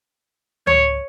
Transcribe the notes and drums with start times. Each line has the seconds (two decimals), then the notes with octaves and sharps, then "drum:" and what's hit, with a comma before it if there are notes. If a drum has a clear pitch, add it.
0.67 C#5, drum: tom C#2